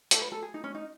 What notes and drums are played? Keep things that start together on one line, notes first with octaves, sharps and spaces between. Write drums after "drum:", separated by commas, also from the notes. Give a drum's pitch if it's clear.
A4, drum: hi-hat
B4
A4
G#4
D#4
C#4
D#4